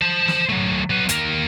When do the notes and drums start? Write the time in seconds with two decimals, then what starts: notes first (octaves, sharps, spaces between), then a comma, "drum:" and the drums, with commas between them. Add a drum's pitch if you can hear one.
0.02 C5 A5
0.28 drum: snare
0.49 F#3 A3
0.90 F#3 B4
1.09 D#2 A#4, drum: hi-hat